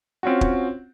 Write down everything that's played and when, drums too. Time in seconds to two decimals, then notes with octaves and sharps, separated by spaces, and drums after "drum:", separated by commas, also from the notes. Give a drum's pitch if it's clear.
0.23 C4 C#4 F4 F#4
0.41 drum: kick